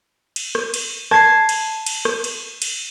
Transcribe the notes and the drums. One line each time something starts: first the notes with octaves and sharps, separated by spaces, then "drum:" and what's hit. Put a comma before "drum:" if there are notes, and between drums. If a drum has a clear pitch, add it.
drum: cymbal
drum: rim click
drum: cymbal
A5 G#6 C7, drum: rim click
drum: cymbal
drum: cymbal
drum: rim click
drum: cymbal
drum: cymbal